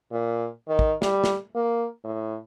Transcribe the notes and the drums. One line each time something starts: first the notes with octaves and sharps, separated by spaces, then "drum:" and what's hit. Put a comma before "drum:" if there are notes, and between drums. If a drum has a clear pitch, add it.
A#2
D#3
drum: kick
G3, drum: snare
drum: snare
A#3
A2